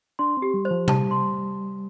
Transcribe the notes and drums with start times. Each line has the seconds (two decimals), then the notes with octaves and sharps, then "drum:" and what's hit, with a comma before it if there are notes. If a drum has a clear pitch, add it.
0.19 D4 C6
0.37 C4
0.42 G4
0.54 G3
0.65 C5
0.71 F3
0.88 G3 A5, drum: tom C3
1.11 C6